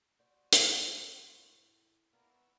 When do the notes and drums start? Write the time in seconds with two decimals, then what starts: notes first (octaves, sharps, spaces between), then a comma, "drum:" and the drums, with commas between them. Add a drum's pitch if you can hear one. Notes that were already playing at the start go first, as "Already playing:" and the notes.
0.19 F#4 G4 C5 D5
0.52 drum: hi-hat
1.27 A2
2.13 B3 E4 A#4 D5 F5
2.30 C#6 E6